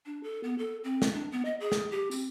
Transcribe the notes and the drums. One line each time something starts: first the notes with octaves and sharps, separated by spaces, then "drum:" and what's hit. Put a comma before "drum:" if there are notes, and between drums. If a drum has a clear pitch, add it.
D4
A4
B3
A4
C4
drum: snare
D4
B3
D#5
G#4
drum: snare
G4
C4, drum: tambourine